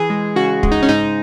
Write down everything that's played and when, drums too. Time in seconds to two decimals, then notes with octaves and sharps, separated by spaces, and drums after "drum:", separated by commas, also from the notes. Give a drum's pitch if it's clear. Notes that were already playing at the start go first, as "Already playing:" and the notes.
Already playing: E3 G#4
0.10 G#3
0.36 C#3 F#4
0.63 G#3, drum: kick
0.72 D#4
0.82 C#4
0.89 G#2 D#4